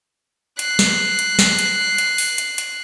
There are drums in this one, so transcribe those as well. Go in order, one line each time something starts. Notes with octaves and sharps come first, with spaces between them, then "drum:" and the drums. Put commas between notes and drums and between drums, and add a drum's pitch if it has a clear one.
F#6 C7, drum: hi-hat
drum: snare
drum: hi-hat
drum: snare
drum: hi-hat
drum: hi-hat
drum: open hi-hat
drum: hi-hat
drum: hi-hat